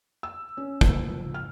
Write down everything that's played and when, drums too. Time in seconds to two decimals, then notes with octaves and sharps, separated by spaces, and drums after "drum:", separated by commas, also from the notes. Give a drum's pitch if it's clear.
0.23 E6
0.57 C#4
0.81 F#1, drum: kick
1.09 F3
1.34 F6